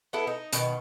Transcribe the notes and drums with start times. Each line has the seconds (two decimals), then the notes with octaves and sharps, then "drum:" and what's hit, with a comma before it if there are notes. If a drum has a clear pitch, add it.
0.13 B3 E4 A4
0.27 D#4
0.53 B2 D#3, drum: hi-hat